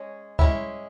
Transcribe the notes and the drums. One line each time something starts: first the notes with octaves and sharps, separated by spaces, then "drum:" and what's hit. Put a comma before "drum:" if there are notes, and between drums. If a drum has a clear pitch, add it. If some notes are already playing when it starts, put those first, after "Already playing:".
Already playing: G#3 C#4
G#3 C#4 E4, drum: kick C#2